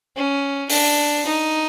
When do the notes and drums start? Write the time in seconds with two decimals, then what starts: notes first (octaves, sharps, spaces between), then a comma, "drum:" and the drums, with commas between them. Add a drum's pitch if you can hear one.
0.16 C#4
0.70 D4, drum: open hi-hat
1.25 D#4